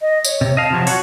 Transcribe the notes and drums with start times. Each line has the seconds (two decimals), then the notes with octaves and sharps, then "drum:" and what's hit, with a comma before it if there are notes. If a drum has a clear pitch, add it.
0.01 D#5
0.25 C#5, drum: tambourine
0.41 C3
0.57 D#5 F5 A5
0.70 C3 F3 F#3
0.87 F#4 C#5 F#5, drum: open hi-hat